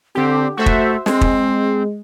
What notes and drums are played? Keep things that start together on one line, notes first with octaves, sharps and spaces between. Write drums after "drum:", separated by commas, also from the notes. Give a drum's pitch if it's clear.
D3 C4 G4
A3 F#4 C5 E5
drum: kick
G#3 C4, drum: snare
drum: kick